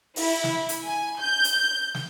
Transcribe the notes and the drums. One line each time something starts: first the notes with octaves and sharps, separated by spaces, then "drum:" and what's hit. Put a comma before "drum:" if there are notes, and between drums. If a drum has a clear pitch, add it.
E4, drum: open hi-hat
drum: snare
drum: hi-hat
G#5
G6
drum: hi-hat
drum: snare